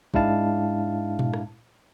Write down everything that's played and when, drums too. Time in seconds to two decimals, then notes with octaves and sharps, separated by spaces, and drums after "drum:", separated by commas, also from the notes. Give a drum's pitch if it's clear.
0.14 G#2 G#3 D4 E4 F5 A5, drum: kick
1.19 drum: tom A#2
1.34 drum: rim click